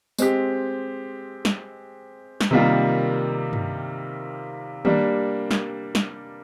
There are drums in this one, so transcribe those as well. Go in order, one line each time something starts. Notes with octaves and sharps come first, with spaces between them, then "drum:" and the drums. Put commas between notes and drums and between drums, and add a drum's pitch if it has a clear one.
G#3 C4 G4, drum: tambourine
drum: snare
drum: snare
C3 D#3 G3 A#3 F4
drum: tom G2
G3 A#3 D4, drum: tom D#3
drum: snare
drum: snare